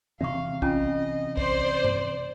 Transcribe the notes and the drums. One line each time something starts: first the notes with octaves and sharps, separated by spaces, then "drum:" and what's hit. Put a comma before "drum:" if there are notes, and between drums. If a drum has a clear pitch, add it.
C3 E3 C4 E5 F5 C#6
C#4 F4 D#5 G#5, drum: kick
C5 D5, drum: kick
drum: tom G2